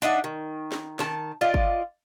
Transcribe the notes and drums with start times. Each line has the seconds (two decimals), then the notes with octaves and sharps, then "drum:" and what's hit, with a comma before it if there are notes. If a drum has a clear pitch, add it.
0.02 D4 D#4 E5 F#5
0.24 D#3
0.72 drum: snare
0.99 D#3 A5, drum: snare
1.41 F4 D5 D#5
1.54 drum: kick G1